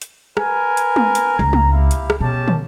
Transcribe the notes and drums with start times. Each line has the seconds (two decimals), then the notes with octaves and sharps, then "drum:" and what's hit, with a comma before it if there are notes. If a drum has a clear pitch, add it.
0.02 drum: hi-hat
0.37 A#4 B4 G#5, drum: rim click
0.77 drum: hi-hat
0.96 drum: tom G#3
1.15 drum: hi-hat
1.39 C#2 A#5
1.53 drum: tom G#3
1.72 E4 G4 F5
1.91 drum: hi-hat
2.10 drum: rim click
2.21 B2 C#4 G4 A5
2.48 drum: tom